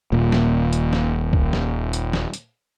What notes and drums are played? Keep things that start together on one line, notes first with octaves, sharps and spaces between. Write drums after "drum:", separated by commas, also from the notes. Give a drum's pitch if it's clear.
D#1 A#2
drum: snare
drum: hi-hat
drum: snare
drum: kick C2
drum: snare
drum: hi-hat
drum: snare
drum: hi-hat